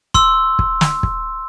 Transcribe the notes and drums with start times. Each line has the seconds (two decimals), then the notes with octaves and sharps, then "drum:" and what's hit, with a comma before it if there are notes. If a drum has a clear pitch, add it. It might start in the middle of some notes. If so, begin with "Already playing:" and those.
0.14 C6 E6, drum: kick
0.59 drum: kick
0.81 drum: snare
1.03 drum: kick